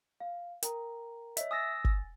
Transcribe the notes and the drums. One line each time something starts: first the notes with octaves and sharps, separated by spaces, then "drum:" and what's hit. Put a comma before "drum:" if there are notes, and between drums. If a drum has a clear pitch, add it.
F5
A#4 G5 A#5, drum: hi-hat
C#5 D#5 E5, drum: hi-hat
G#5 D#6 E6 A6 A#6
drum: kick G1